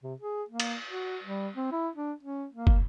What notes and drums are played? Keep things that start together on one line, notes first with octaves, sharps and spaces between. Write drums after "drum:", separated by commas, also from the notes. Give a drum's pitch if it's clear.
C3
G#4
A#3
drum: cymbal
F#4
G3
C4
E4
D4
C#4
A#3
drum: kick